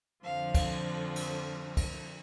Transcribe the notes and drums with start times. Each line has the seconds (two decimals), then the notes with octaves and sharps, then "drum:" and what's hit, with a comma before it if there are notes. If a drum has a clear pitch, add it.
0.23 F2 D3 F3 F5
0.55 drum: kick, cymbal
1.16 drum: cymbal
1.77 drum: kick, cymbal